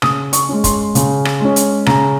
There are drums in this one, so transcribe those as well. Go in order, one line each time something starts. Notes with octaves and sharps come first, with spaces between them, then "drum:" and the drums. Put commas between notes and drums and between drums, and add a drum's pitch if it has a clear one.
C#3 D#6, drum: rim click
C#6, drum: hi-hat
G#3 C#4
C6, drum: kick, hi-hat
C#3, drum: hi-hat
drum: rim click
G#3 C#4
drum: hi-hat
C#3 A#5, drum: rim click